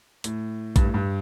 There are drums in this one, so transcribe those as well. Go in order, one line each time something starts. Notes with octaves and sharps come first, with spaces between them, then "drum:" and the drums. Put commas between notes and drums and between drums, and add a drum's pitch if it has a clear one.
A2, drum: hi-hat
G2, drum: kick A#1, hi-hat
A2
G2